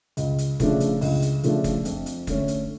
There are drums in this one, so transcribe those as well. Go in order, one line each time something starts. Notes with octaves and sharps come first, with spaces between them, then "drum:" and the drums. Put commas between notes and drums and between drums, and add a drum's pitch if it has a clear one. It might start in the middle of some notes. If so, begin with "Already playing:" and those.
C#2, drum: hi-hat
drum: hi-hat
C#3 F3 A3 D4, drum: kick, hi-hat
drum: hi-hat
C#2, drum: open hi-hat
drum: hi-hat
C#3 F3 A3 D4, drum: hi-hat
drum: kick, hi-hat
F2, drum: hi-hat
drum: hi-hat
D3 A3 C#4, drum: kick, hi-hat
drum: hi-hat